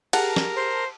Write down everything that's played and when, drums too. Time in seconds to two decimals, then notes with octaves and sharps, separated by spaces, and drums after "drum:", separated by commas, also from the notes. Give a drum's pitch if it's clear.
0.13 G4 G#4 A#4 F#5 A5, drum: cymbal
0.36 drum: snare
0.56 C5